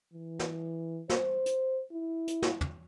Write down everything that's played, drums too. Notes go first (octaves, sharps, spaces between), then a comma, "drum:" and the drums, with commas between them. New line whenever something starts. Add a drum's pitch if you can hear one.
E3
drum: snare
C5, drum: snare
drum: hi-hat
E4
drum: hi-hat
drum: snare
drum: tom